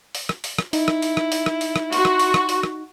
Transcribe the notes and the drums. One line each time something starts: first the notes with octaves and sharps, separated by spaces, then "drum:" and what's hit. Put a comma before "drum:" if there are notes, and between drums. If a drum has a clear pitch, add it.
drum: open hi-hat
drum: rim click
drum: open hi-hat
drum: rim click
D#4 E4, drum: open hi-hat
drum: rim click
drum: open hi-hat
drum: rim click
drum: open hi-hat
drum: rim click
drum: open hi-hat
drum: rim click
F#4 C6 C#6, drum: open hi-hat
drum: rim click
drum: open hi-hat
drum: rim click
drum: open hi-hat
drum: rim click